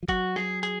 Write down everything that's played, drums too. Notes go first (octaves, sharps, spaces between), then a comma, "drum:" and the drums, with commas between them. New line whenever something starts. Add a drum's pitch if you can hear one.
F3
F#3 F#4, drum: kick G1, hi-hat
G#4, drum: snare
G#4, drum: hi-hat